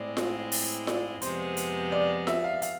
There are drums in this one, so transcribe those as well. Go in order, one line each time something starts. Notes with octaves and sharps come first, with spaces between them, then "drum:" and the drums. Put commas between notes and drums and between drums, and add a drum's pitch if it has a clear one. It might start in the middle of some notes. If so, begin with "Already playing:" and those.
Already playing: A2 G#3 C4 E4 D5
drum: snare F4
drum: open hi-hat
D5, drum: snare F4
F2 C3 G#3 B3 C5, drum: hi-hat
drum: hi-hat
D5
E5, drum: snare F4
F5
F5, drum: hi-hat